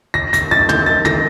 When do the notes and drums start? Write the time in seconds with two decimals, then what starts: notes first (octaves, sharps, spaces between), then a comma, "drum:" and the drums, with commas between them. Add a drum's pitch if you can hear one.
0.14 A#6
0.33 A#6, drum: hi-hat
0.51 A6
0.69 G6, drum: tom
0.86 A6
1.05 A#6, drum: tom